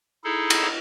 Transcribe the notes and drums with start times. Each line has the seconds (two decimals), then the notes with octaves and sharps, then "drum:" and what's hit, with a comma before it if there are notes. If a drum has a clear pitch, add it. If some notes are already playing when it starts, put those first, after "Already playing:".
0.24 D#4 E4 G#4 A4
0.50 drum: cymbal